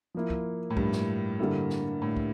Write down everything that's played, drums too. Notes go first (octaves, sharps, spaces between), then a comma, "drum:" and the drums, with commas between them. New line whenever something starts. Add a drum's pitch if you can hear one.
F3 A#3 E4
drum: kick
A2
G2, drum: kick
drum: snare
D3 G3 A#3 E4 A4
drum: snare
A2
drum: kick